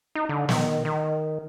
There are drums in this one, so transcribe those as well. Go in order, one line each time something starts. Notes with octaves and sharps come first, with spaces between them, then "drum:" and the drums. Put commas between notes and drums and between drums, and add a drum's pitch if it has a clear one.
D#4
D3
D#3, drum: snare
D#3